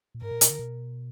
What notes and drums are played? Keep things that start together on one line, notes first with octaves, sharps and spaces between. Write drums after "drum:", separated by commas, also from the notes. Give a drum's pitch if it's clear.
A#2
G#2 A#4
A#2
B2, drum: hi-hat
D3
B2